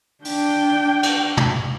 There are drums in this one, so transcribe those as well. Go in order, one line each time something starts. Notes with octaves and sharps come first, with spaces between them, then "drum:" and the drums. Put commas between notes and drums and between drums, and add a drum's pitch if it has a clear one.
D4 G5, drum: open hi-hat
drum: cymbal
drum: tom